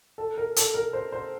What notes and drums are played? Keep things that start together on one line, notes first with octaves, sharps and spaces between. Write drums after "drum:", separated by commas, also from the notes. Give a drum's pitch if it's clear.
A4
A#4
A4, drum: hi-hat
A#4
C5
C5